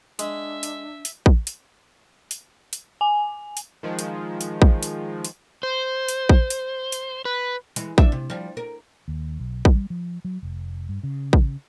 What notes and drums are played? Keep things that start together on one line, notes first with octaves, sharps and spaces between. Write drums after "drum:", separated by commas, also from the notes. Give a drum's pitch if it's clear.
G#3 D4 E5, drum: hi-hat
drum: hi-hat
drum: hi-hat
drum: kick
drum: hi-hat
drum: hi-hat
drum: hi-hat
G#5
drum: hi-hat
D#3 F3 G#3
drum: hi-hat
drum: hi-hat
drum: kick
drum: hi-hat
drum: hi-hat
C5
drum: hi-hat
drum: kick
drum: hi-hat
drum: hi-hat
B4
E3 G#3, drum: hi-hat
D2 D4 E5, drum: kick
C3
F3 G3
A#4
D#2
B1
drum: kick
G3
F3
F#3
F1
G2
C#3
drum: kick